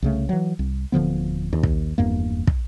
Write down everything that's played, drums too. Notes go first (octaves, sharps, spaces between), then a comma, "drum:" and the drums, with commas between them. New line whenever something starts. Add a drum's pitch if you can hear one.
C2 C#3 A3
E3 F#3
C2
D1 D3 F3 B3
D#2
drum: kick
F1 E2 G2 A#3
drum: kick